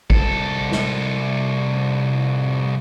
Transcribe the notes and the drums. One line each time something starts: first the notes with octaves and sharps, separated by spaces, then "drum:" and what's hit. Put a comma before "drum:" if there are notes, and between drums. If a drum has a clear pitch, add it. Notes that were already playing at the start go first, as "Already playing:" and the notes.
C2 A4, drum: kick A1
drum: snare